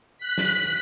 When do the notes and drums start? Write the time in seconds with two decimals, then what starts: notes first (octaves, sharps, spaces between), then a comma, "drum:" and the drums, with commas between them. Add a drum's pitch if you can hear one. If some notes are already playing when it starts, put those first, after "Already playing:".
0.18 F#6 B6
0.38 drum: snare